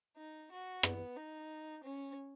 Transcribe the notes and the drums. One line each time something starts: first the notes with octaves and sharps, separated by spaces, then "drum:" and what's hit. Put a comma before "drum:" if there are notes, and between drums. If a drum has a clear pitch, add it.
D#4
F#4
B3, drum: rim click
D#4
C#4